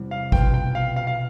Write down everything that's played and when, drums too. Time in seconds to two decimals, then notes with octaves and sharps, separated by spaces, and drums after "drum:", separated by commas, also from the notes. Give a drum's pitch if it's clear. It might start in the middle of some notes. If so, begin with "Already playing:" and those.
Already playing: E2 C3 G3
0.11 F5
0.32 B2 B3 F4 G5, drum: kick G#1
0.54 G5
0.75 F5
0.96 F5
1.07 F5